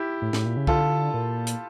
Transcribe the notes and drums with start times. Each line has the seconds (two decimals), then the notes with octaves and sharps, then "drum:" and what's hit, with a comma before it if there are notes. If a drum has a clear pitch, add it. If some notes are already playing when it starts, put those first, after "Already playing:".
Already playing: E4 G4
0.22 A2
0.33 A2, drum: snare
0.45 A#2
0.57 C#3
0.67 D3 F4 A4, drum: kick C2
1.14 A#2
1.47 drum: hi-hat